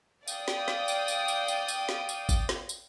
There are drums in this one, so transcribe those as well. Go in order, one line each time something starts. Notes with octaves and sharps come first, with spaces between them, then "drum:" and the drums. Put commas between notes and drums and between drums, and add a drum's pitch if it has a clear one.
D5 F5 G5 D#6, drum: tambourine
drum: snare
drum: snare
drum: tambourine
drum: tambourine
drum: tambourine
drum: tambourine
drum: tambourine
drum: snare
drum: tambourine
drum: kick G#1, tambourine
drum: snare
drum: tambourine